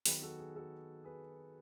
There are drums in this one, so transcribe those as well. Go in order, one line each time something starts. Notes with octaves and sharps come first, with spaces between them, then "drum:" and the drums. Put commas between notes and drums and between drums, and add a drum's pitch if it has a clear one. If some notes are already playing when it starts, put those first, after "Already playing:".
D#3 F#3 B3 G#4 B4, drum: open hi-hat
F#4 A4
G#4
F#4 A4
G#4 B4